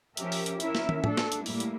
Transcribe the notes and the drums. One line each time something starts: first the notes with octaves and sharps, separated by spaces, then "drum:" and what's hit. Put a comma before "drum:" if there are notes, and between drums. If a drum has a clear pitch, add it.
F3 C#4 G4 A#4 E5, drum: hi-hat
drum: open hi-hat
drum: hi-hat
C#4 E4 A#4 E5, drum: hi-hat
drum: snare
drum: tom
A3 D4 A4, drum: tom
drum: snare
drum: hi-hat
A2 G3 A#3 E4, drum: open hi-hat
drum: hi-hat